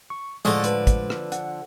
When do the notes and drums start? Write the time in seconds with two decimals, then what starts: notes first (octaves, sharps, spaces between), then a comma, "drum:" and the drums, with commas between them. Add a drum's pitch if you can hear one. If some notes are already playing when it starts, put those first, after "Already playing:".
0.10 C#6
0.45 A2 D3 F3 G#3 A4 C#5 D#5
0.64 B4, drum: hi-hat
0.87 drum: kick, hi-hat
1.10 drum: rim click
1.32 F#5, drum: hi-hat